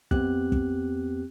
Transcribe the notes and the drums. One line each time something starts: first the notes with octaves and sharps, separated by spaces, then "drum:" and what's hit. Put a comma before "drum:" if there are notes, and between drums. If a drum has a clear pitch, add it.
F2 B3 C4 G4 F#6, drum: kick
drum: kick